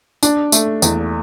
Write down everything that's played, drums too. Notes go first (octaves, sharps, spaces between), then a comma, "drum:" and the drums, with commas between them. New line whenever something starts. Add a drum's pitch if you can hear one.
D4, drum: tambourine
A3, drum: tambourine
E2, drum: tambourine